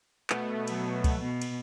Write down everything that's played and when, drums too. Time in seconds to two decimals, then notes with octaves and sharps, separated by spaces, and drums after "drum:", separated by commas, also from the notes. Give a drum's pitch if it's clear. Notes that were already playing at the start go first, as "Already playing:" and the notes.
0.30 B2 A3 B3, drum: clap
0.68 F#3, drum: cymbal
1.04 drum: kick, cymbal
1.19 B2
1.42 drum: cymbal